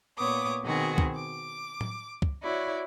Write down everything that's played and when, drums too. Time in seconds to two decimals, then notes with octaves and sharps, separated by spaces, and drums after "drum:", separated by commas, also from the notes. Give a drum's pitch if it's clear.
0.18 A#2 B3 C#5 D6 D#6
0.65 B2 D#3 C4 F#4 G#4
0.98 drum: kick
1.15 D6
1.81 drum: tom A2
2.22 drum: kick
2.43 E4 F#4 C#5 D5